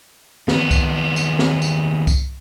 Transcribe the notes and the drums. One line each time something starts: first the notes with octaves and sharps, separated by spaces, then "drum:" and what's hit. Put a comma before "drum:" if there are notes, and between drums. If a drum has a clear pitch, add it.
D#2 B3, drum: snare
drum: kick C2, tambourine
drum: tambourine
drum: snare
drum: tambourine
drum: kick C2, tambourine